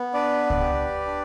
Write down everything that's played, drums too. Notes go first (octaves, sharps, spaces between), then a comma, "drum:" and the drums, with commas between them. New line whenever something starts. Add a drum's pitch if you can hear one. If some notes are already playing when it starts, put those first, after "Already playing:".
Already playing: B3
D4 B4 D5
drum: kick C#2
G4
D4